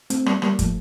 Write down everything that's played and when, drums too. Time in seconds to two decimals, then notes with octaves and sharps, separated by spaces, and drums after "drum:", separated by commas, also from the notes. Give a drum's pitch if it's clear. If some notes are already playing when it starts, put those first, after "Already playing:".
0.10 A3 C4, drum: hi-hat
0.26 G3 A#3, drum: rim click
0.42 G3 A#3, drum: rim click
0.59 F3 A3, drum: kick, hi-hat